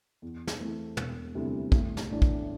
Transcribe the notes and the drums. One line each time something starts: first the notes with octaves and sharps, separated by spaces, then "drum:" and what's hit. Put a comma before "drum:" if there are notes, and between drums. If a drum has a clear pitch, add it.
E2
drum: snare
E3 A3 C4
E1, drum: tom
D2 C3 G3 E4
A1, drum: kick
drum: snare
A2 E3 A3 D4
drum: kick